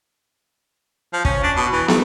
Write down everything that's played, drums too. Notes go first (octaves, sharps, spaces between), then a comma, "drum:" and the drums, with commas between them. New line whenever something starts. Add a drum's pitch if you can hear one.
F3
C#4, drum: kick
D4
B2
E3
A3, drum: snare